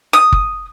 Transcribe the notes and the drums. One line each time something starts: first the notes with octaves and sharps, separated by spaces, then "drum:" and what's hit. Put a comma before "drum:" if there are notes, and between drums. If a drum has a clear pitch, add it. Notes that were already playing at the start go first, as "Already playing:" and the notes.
D#6
drum: kick